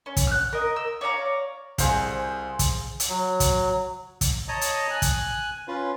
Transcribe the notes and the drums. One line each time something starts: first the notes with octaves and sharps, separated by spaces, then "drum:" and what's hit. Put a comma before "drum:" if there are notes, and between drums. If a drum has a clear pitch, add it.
C#4
drum: kick, hi-hat
F6 F#6
A#4 D#5
E6
C#5 D5 F5 A#5
C2 G#4 C5 F5, drum: kick, hi-hat
drum: kick, hi-hat
drum: hi-hat
F#3
drum: kick, hi-hat
drum: kick, hi-hat
C#5 D#5 A5 A#5 D#6
drum: hi-hat
G#5 F#6
drum: kick, hi-hat
C#4 F4 B4